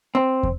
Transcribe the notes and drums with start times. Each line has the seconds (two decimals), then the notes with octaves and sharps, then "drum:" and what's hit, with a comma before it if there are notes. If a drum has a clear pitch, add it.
0.15 C4
0.43 drum: kick